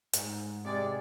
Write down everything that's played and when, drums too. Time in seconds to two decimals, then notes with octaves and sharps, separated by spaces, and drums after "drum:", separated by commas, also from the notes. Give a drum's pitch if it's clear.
0.13 G#2, drum: hi-hat
0.65 C3 G#3 D5